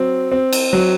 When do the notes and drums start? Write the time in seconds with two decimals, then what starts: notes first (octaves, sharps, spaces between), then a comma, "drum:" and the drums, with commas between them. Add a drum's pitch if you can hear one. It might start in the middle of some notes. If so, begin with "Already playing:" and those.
Already playing: F#3 C4
0.32 C4
0.53 drum: cymbal
0.73 F#3